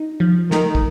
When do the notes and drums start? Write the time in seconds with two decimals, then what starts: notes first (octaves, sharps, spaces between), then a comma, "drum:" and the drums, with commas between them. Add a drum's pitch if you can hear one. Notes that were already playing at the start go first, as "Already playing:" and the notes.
Already playing: D#4
0.20 F3
0.51 D#3 A3, drum: snare
0.75 drum: kick